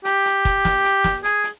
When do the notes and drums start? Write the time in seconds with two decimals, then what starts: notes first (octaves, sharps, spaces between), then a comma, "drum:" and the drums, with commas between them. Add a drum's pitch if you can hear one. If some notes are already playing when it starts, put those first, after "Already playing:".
0.05 G4, drum: hi-hat
0.25 drum: hi-hat
0.45 drum: kick, hi-hat
0.65 drum: snare
0.85 drum: hi-hat
1.04 drum: snare
1.24 G#4, drum: hi-hat
1.44 drum: hi-hat